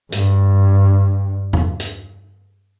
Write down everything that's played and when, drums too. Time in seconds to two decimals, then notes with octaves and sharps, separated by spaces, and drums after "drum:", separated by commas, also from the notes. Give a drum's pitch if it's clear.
0.12 G2, drum: hi-hat
1.53 drum: tom E2
1.80 drum: hi-hat